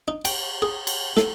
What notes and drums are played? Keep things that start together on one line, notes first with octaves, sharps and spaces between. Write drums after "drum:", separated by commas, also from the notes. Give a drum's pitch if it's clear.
D#4
G5, drum: cymbal
G#4
drum: cymbal
A4, drum: snare